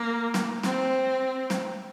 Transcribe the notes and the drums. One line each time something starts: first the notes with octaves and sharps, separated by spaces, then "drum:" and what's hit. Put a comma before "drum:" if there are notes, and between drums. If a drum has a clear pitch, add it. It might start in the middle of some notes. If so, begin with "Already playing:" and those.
Already playing: A#3
drum: snare
C4, drum: snare
drum: snare